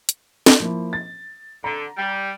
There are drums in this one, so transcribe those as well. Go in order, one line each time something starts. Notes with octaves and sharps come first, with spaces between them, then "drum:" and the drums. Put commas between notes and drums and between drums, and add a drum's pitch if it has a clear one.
drum: hi-hat
drum: snare
F3 A#3 E4
A6
D3 A#5
G3